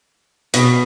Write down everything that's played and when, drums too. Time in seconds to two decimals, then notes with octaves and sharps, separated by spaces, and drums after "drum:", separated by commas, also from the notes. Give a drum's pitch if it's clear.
0.54 B2, drum: hi-hat